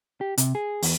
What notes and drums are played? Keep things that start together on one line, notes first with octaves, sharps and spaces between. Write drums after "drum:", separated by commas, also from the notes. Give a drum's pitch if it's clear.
G4
C3, drum: hi-hat
G#4
E2, drum: open hi-hat